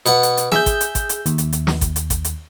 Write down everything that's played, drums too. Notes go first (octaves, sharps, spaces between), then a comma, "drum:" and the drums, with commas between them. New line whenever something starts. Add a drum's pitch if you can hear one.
B2 F#5, drum: hi-hat
drum: hi-hat
drum: hi-hat
G#4 E5 G6, drum: snare
drum: kick G#1, hi-hat
drum: hi-hat
drum: kick G#1, hi-hat
drum: hi-hat
D#2, drum: hi-hat
drum: hi-hat
drum: hi-hat
drum: snare
drum: kick G#1, hi-hat
drum: hi-hat
drum: kick G#1, hi-hat
drum: hi-hat